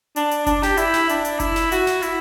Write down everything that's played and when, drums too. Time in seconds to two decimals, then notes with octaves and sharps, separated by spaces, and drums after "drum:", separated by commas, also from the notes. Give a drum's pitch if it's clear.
0.16 D4, drum: hi-hat
0.31 drum: hi-hat
0.46 D4, drum: kick F#1, hi-hat
0.63 G4, drum: snare
0.77 E4, drum: hi-hat
0.94 drum: snare
1.09 D4, drum: hi-hat
1.25 drum: hi-hat
1.40 E4, drum: kick F#1, hi-hat
1.56 drum: snare
1.72 F#4, drum: hi-hat
1.87 drum: snare
2.02 E4, drum: hi-hat